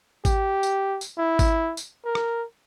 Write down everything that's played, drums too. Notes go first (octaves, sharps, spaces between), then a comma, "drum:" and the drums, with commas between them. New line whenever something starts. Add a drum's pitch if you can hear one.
G4, drum: kick G#1, tambourine
drum: tambourine
drum: tambourine
E4
drum: kick G#1, tambourine
drum: tambourine
A#4
drum: rim click